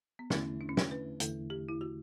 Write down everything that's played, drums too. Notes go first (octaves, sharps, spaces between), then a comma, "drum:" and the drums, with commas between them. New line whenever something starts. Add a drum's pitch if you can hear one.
B3
E2 D3 A3 C#4 E4, drum: snare
D4
C#4
D4, drum: snare
B4
E2 D3 A3 E4 A4, drum: hi-hat
G4
E4
F#4